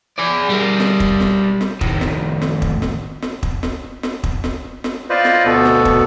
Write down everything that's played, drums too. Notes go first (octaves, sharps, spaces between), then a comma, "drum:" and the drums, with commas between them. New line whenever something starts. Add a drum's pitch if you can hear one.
G#4 D5
G3 A#4
drum: snare
drum: kick
drum: snare
drum: snare
A2 D#3, drum: kick
drum: snare
drum: snare
drum: kick
drum: snare
drum: snare
drum: kick
drum: snare
drum: snare
drum: kick
drum: snare
drum: snare
F4 B4 C5 D5 D#5
drum: snare
D2 B2 B3 A4
drum: snare
drum: kick